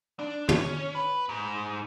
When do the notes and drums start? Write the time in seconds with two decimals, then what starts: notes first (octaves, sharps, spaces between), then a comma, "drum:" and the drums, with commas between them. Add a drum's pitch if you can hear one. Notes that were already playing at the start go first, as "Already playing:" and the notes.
0.19 D4
0.49 C#4, drum: tom
0.95 B4
1.29 G#2